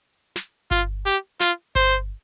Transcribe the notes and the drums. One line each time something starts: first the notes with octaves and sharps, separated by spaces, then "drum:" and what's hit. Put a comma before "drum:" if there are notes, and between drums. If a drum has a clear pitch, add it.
drum: snare
F4, drum: kick G1
G4
F4, drum: snare
C5, drum: kick G1